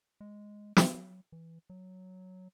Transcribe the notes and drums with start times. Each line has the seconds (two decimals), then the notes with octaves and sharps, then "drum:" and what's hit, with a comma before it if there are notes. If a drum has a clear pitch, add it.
0.21 G#3
0.77 drum: snare
0.94 F#3
1.32 E3
1.70 F#3